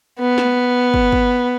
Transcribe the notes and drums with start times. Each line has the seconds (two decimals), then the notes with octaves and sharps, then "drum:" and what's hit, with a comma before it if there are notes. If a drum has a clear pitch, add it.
0.19 B3
0.38 drum: snare
0.94 drum: kick
1.12 drum: kick